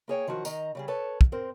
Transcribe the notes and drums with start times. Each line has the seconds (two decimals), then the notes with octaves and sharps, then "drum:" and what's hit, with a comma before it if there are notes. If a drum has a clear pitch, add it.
0.08 A#3 G#4 C#5 G5
0.27 D#3 F3 F#3 F#4
0.45 D#3 D#5 A#5, drum: tambourine
0.75 C#3 G3 G#4
0.88 A4 B4 C#5 A5
1.21 drum: kick
1.32 C4 A#4 C5